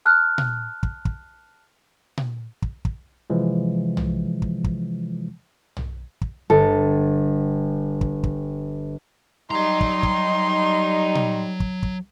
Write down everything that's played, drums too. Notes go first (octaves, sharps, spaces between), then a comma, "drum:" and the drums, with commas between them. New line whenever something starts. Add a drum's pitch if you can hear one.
A5 F6 F#6
drum: tom A#2
drum: kick
drum: kick
drum: tom A#2
drum: kick
drum: kick
C3 E3 F3 G#3
drum: tom
drum: kick
drum: kick
drum: tom
drum: kick
G1 A4
drum: kick
drum: kick
F#3 G3 D#4 A#5 C6
drum: kick
drum: kick
drum: tom A#2
drum: kick
drum: kick